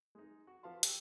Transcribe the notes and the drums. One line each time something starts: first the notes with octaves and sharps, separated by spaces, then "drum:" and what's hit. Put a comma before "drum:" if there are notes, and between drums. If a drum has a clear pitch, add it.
G#3 D#4
F#4
F3 B4 F5 A5 C6
G4 E6, drum: hi-hat